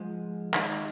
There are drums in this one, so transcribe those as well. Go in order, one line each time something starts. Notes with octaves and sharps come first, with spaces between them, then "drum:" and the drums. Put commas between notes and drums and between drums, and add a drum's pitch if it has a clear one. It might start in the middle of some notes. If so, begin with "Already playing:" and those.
Already playing: G#2 F3 G#3
D#2 D#3 G#3 D#4, drum: clap